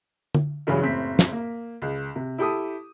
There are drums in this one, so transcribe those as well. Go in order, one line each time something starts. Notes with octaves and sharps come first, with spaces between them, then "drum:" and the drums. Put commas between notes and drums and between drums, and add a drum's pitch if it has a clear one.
drum: tom
G2 C#3 E3 F#3 G#3
F#1 A2 C4 B6
drum: snare
A#3
C#2
C3
E4 G4 A4 D#6